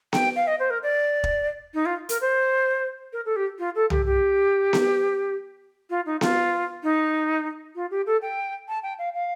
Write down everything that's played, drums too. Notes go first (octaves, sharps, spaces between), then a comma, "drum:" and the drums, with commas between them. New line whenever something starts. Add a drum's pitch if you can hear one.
G5, drum: snare B3
F5
D#5
C5
A#4
D5
drum: kick
D#4
F4
A#4, drum: hi-hat
C5
A#4
A4
G4
F4
A4
G4, drum: tom C2
G4
drum: snare B3
F4
D#4
F4, drum: snare B3
D#4
F4
G4
A4
G5
A5
G5
F5
F5